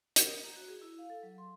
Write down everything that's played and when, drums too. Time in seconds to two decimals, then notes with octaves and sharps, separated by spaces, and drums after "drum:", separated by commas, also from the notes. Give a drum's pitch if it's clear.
0.16 A#4, drum: hi-hat
0.28 D#6
0.43 A#5
0.56 F#4
0.68 G#4
0.82 E4
0.99 F5
1.10 A4
1.23 F#3
1.38 C6